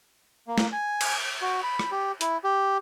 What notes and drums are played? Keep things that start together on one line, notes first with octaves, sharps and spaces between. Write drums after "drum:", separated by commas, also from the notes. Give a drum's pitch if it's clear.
A#3
drum: snare A3
G#5
drum: cymbal
F#4
B5
drum: rim click
G4
E4, drum: hi-hat
G4